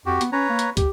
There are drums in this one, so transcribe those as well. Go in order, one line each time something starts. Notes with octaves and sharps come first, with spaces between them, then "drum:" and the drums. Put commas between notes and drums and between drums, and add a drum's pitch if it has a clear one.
F2 F#4 G4
B3, drum: hi-hat
C#4 B4 C#5 A#5
A#3
drum: hi-hat
G4, drum: kick, hi-hat